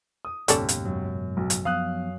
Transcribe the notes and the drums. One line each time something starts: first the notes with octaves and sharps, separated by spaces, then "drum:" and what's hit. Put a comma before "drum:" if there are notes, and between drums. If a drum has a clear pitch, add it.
D#6
F#1 D#2 G#2 B2 C#4 A4 D5, drum: hi-hat
drum: hi-hat
F#2
B1
drum: hi-hat
F3 B3 F5 D#6 F#6